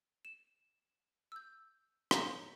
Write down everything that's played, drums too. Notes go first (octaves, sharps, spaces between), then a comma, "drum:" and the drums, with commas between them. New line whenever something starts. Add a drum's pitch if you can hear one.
E7
E6 G6
A5 A#5 G6 A#6, drum: rim click